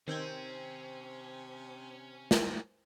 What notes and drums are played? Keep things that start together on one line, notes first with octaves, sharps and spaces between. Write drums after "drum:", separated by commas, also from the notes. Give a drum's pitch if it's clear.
C3 D#3 C4 C#4 G6 G#6
drum: snare